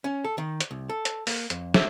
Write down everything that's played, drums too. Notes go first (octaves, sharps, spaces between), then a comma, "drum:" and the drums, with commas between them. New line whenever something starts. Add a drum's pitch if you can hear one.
C#4
A4
D#3
drum: hi-hat
C2
A4
drum: hi-hat
A#3, drum: open hi-hat
F2, drum: hi-hat
E5, drum: snare